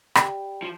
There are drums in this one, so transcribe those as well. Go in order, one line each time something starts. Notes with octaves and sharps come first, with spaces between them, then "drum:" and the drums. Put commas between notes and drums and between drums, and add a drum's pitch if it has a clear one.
G4 D5 G5 B5, drum: rim click
F3